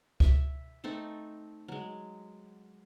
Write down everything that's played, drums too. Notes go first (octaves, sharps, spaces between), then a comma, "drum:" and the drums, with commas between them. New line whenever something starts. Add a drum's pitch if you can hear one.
E5, drum: kick C#2
A3 C4 D#4 A4
F#3 G#3